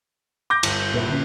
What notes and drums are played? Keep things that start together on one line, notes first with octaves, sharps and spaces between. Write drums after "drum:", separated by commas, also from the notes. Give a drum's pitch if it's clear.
D6 G6 A#6
G1, drum: cymbal
A#2 B4 E5
D3 C#4